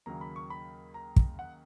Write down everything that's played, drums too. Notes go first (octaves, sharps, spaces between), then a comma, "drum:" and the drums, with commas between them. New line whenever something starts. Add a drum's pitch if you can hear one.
D#2 C#3 F#3 A#3 A#5
B5
C#6
B5
A#5
drum: kick
F#5